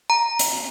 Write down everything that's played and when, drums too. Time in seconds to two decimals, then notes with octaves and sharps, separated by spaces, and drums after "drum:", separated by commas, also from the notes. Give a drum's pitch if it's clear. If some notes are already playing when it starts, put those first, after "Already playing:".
0.10 A#5
0.39 drum: hi-hat